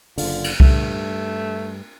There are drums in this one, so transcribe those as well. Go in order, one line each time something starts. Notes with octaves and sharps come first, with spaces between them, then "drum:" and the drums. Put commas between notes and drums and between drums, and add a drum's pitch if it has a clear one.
F#1 D3 F4, drum: open hi-hat
drum: cymbal
G2 A3, drum: kick C2